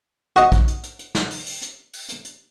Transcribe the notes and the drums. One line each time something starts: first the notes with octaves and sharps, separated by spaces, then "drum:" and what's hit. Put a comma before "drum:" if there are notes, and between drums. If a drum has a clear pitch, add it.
F#4 D#5, drum: hi-hat
drum: kick, hi-hat
drum: hi-hat
drum: hi-hat
drum: hi-hat
drum: snare
drum: open hi-hat
drum: open hi-hat
drum: hi-hat
drum: open hi-hat
drum: hi-hat
drum: hi-hat